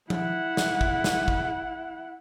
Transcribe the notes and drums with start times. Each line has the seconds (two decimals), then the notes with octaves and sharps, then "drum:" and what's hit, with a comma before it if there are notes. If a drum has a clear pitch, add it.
0.10 E4 F#5, drum: tom F3
0.57 drum: snare
0.81 drum: kick
1.04 drum: snare
1.28 drum: kick